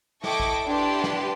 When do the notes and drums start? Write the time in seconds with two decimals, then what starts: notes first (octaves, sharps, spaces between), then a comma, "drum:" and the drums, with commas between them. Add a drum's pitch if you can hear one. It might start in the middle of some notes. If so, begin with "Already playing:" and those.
0.24 E4 A4 D#5 G5 C#6 D6, drum: snare
0.40 drum: kick A1
0.67 D4 E4 G4 B4 C6
1.04 drum: snare